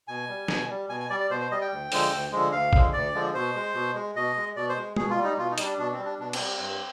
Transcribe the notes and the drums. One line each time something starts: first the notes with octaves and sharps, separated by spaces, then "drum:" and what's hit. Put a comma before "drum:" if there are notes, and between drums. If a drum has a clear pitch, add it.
B2 G#5
G3
B2, drum: snare
G3
B2 G#5
G#5
G3 D5
D5
B2 C5
C5
G3 D#5
G5
D2
D3 F3 G#3, drum: open hi-hat
D2
D3 F3 G#3
D2 F5
D3 F3 G#3, drum: kick
D2 D5
D3 F3 G#3
B2 C5
G#3
B2
G#3
B2 D#5
G#3
B2 D5
C5
G#3
B2 G#4, drum: tom G#3
F4
G3
D#4
B2 F4
D#4
G3, drum: hi-hat
D4
B2 D4
C4
G3
D4
B2 D4
C4, drum: cymbal
G3
C4
G2